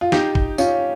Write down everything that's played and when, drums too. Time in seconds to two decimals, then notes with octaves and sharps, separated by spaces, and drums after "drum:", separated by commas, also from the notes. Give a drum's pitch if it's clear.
0.01 F4
0.12 D#4 G4, drum: snare
0.35 drum: kick A1
0.58 C#4 F4, drum: tambourine